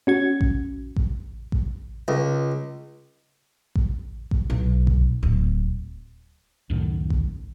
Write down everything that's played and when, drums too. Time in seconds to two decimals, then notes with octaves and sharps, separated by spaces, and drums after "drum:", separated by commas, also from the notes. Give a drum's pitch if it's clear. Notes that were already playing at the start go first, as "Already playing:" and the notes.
0.07 C#4 F#4 G#6
0.41 drum: kick A1
0.96 drum: kick A1
1.52 drum: kick A1
2.08 C#2
3.75 drum: kick A1
4.31 drum: kick A1
4.50 B1
4.87 drum: kick A1
5.23 D1
6.70 C#2 F#2 A2 D#3
7.10 drum: kick A1